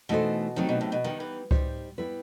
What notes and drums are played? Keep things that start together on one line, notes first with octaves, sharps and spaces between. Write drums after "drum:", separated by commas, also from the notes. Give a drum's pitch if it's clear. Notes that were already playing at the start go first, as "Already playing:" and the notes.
B2 E3 A3 D#4 A4 C5
D#3 F#3 A3 C4 D#4 G4
B2
A2
B2
D#3 G3 B3 D#4
E3
G3 D#4 G4 C5, drum: kick C#2
G3 B3 E4 B4